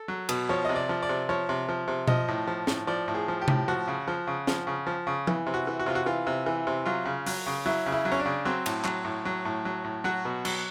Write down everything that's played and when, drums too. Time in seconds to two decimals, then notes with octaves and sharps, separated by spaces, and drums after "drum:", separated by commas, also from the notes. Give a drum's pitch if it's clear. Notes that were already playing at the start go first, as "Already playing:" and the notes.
Already playing: A4
0.08 F#3
0.29 B2, drum: cymbal
0.49 F3 C#5
0.65 C3 D#5
0.76 D5
0.89 F3
1.02 D5
1.09 C3
1.29 F3 C#5
1.49 C3
1.69 F3
1.88 C3
2.07 F3 D#5, drum: tom B2
2.28 A2
2.47 F3
2.67 A2, drum: snare
2.87 F3 D5
3.08 A2
3.15 G#4
3.28 F3
3.41 G4
3.48 A2, drum: tom C3
3.68 F3 F#4
3.87 C#3
4.07 F3
4.27 C#3
4.47 F3, drum: snare
4.67 C#3
4.87 F3
5.07 C#3
5.27 E3, drum: tom F3
5.46 C3
5.54 F#4
5.67 E3
5.79 F#4
5.86 C3 F4
5.95 F#4
6.06 E3 F4
6.27 C3
6.46 E3
6.67 C3
6.86 F#3 F4
7.05 C#3
7.26 F#3, drum: open hi-hat
7.46 C#3
7.66 F#3 E4
7.86 C#3
7.92 E4
8.05 F#3
8.12 C#4
8.20 D4
8.26 C#3
8.45 F#3 C4
8.66 A2, drum: cymbal
8.85 F#3, drum: clap
9.05 A2
9.25 F#3
9.45 A2
9.65 F#3
9.84 A2
10.04 F#3 F#4
10.25 B2
10.45 F#3, drum: cymbal